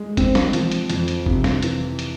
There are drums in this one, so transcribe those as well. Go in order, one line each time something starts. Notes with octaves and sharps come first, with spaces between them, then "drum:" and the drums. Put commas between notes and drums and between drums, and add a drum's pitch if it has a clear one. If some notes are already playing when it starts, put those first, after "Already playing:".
Already playing: G#3
C4, drum: kick, hi-hat
drum: snare
F3, drum: hi-hat
drum: hi-hat
F2, drum: hi-hat
drum: hi-hat
C3, drum: kick
drum: snare
E3, drum: hi-hat
drum: hi-hat